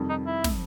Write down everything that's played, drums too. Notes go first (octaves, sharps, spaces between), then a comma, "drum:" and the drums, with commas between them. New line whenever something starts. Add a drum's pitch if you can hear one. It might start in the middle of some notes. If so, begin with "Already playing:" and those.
Already playing: F2 C3 D#3 G3
D#4
E4
drum: snare